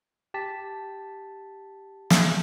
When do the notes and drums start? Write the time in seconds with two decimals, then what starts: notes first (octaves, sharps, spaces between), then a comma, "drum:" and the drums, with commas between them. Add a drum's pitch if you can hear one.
0.34 G4 A5 B6
2.10 drum: snare